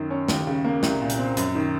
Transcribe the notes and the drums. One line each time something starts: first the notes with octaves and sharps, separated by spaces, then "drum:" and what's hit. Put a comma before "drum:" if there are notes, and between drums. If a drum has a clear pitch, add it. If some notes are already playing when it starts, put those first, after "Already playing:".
Already playing: F#2 D#3
C#4
D#2, drum: snare
C#3
A#3
C2, drum: snare
A#2
drum: hi-hat
C4
F#2, drum: hi-hat
D#3